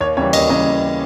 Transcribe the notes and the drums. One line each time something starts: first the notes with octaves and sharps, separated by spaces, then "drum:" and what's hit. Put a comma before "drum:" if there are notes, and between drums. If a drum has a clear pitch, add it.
D#2 C#5
C#3 E3 G3 A#3 C#5
D#2 D#5, drum: cymbal
C#3 E3 G3 A#3 D#5